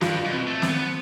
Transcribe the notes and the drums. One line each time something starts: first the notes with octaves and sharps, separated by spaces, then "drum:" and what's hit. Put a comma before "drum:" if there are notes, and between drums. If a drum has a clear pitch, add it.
G2 F4, drum: snare
B2
C4
A3
C4, drum: snare
B3